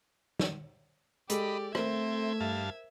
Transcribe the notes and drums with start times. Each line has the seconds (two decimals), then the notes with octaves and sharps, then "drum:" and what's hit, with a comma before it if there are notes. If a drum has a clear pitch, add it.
0.40 drum: snare
1.29 G#3 G4 A4 D5 D#5 B5, drum: hi-hat
1.75 A3 C4 A#4 C5 E5 G#6, drum: rim click
2.40 G2 F5 A5